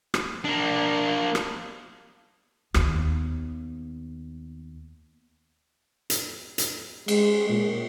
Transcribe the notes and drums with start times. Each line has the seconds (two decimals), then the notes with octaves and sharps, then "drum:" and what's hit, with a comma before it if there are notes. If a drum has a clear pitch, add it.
0.14 drum: rim click
0.44 A#3 D4
1.35 drum: rim click
2.74 D#2 B3, drum: rim click
6.10 drum: hi-hat
6.58 drum: hi-hat
7.08 G#3, drum: cymbal
7.50 A#2